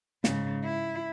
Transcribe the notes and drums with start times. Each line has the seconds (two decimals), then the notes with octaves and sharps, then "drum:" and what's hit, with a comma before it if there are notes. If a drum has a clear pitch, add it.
0.24 G#2 C#3, drum: snare
0.64 E4